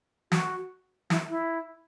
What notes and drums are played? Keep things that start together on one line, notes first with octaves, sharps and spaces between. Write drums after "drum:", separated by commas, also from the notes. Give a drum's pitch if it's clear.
F#4, drum: snare
E4, drum: snare
E4